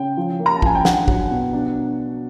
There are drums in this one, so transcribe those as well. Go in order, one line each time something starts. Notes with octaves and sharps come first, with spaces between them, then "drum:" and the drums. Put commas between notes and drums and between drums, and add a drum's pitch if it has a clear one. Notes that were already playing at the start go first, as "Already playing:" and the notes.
Already playing: C#3 G5
F3
A#3
A#5
A5
F3 G#5, drum: kick
G5
D4 F#5, drum: snare
F#3, drum: kick
B2
D4